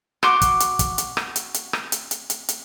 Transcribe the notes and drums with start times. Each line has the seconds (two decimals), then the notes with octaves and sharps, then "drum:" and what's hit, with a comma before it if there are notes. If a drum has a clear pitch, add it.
0.23 F#4 C6 D6, drum: rim click
0.42 drum: kick, hi-hat
0.60 drum: hi-hat
0.79 drum: kick, hi-hat
0.98 drum: hi-hat
1.17 drum: rim click
1.36 drum: hi-hat
1.54 drum: hi-hat
1.73 drum: rim click
1.92 drum: hi-hat
2.11 drum: hi-hat
2.30 drum: hi-hat
2.49 drum: hi-hat